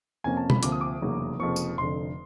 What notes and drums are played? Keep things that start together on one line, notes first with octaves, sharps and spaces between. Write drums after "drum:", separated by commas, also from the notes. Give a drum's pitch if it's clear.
F2 C3 F3 A#3 C#4 G#5
A5
B5, drum: tom B2
D2 C3 F3 A#3 D6, drum: hi-hat
D#6
D6
F1 E2 C#3 F#3 A#3
F1 F2 C#3 F3 A#3 C#6
drum: tambourine
F1 F2 D3 C6